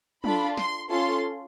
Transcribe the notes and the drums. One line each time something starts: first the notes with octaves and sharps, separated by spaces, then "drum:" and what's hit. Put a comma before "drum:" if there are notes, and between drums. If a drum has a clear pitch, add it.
D4 F4 A4 B5, drum: tom
C6, drum: snare
C#4 F4 A4 C6